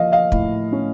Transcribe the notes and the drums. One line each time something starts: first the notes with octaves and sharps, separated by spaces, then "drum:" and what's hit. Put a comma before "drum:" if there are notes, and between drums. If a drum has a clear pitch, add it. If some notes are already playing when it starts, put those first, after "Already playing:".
Already playing: F3 A#3 D#5 F5
D#5 F5
A2, drum: kick
C#4